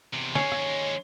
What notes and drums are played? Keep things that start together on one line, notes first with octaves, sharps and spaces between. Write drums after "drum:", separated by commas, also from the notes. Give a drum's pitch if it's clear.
E2 C3
D#2 G#3 C#5 G#5, drum: snare
drum: rim click